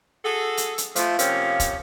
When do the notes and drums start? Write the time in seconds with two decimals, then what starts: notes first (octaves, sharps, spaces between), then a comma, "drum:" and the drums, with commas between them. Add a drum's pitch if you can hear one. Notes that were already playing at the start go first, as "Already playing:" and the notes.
0.25 F#4 G#4 A4
0.57 drum: hi-hat
0.78 drum: hi-hat
0.96 F3 A3, drum: hi-hat
1.19 C3 F3 A#3 C#4, drum: hi-hat
1.60 drum: kick, hi-hat